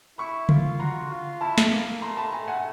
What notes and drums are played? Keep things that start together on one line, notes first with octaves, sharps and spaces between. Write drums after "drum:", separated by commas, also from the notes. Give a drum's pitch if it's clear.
E4 B5 C#6
F4, drum: tom C#3
F#4 A#5 C6
F4
E4 A5 B5
drum: snare
A#3
A3 A#5 C6
A5 B5
A3 G#5 A#5
F#5 G#5